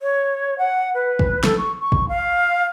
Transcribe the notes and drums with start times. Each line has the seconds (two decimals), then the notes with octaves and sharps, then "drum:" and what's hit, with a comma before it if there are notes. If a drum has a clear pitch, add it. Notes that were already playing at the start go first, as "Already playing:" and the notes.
0.02 C#5
0.58 F#5
0.95 B4
1.19 drum: kick
1.44 A4, drum: snare
1.58 C#6
1.80 C#6
1.92 drum: kick
2.09 F5